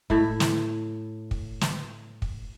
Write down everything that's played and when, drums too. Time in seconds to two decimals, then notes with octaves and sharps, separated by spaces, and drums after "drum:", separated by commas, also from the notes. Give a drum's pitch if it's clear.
0.10 A2 E4, drum: kick
0.40 drum: snare
1.31 drum: kick
1.61 drum: snare
2.22 drum: kick